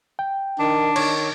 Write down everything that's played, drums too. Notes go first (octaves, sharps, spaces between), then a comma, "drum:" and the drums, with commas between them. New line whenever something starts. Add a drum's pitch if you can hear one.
G5
D#3 D4
D#3 C#5 C#6 G#6, drum: cymbal